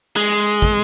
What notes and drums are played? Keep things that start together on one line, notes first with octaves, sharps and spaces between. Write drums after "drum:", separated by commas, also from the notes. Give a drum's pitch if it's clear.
G#3, drum: hi-hat
drum: kick